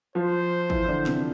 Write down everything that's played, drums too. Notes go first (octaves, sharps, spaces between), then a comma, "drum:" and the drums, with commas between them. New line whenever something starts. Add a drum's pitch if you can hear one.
F3 F4 C5
E3 E4, drum: kick G#1
E4
D3 D4
C3 C4, drum: snare